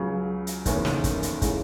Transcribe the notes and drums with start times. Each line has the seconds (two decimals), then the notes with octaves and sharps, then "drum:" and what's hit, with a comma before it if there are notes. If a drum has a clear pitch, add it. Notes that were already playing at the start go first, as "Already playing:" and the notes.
Already playing: C#2 C#3 F#3
0.47 drum: hi-hat
0.66 F#1 E2 D#3 A3 C#4, drum: kick, hi-hat
0.85 drum: snare
1.04 drum: kick, hi-hat
1.23 drum: hi-hat
1.42 C#3 E3 G#3 C#4, drum: kick, hi-hat